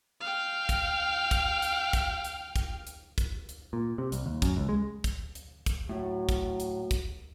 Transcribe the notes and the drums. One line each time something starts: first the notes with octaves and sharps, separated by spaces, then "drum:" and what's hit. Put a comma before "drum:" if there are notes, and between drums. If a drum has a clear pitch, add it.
F5 G5
drum: kick, hi-hat
drum: kick, hi-hat
drum: hi-hat
drum: kick, hi-hat
drum: hi-hat
drum: kick, hi-hat
drum: hi-hat
drum: kick, hi-hat
drum: hi-hat
A#2
C3
C2, drum: hi-hat
D#2
F#2, drum: kick, hi-hat
C#2
G#3
drum: kick, hi-hat
drum: hi-hat
drum: kick, hi-hat
A2 F#3
drum: kick, hi-hat
drum: hi-hat
drum: kick, hi-hat